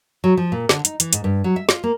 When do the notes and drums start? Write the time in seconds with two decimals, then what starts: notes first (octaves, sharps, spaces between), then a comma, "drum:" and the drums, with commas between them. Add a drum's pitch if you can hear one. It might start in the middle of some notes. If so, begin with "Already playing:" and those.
0.24 F#3
0.37 F3
0.52 A#2
0.69 D3, drum: snare
0.85 D#4, drum: hi-hat
1.00 E3, drum: hi-hat
1.13 G#2, drum: hi-hat
1.24 G2
1.44 F#3
1.56 E5
1.69 F4, drum: snare
1.83 A#3